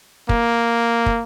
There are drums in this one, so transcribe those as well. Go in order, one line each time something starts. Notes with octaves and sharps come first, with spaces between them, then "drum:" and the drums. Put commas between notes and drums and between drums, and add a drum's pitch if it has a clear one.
A#3, drum: kick
drum: kick